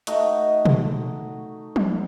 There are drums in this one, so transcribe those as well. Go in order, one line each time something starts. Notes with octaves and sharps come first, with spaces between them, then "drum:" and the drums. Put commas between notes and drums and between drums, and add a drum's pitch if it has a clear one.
A3 D#4 F#4, drum: hi-hat
drum: tom B2
drum: tom F3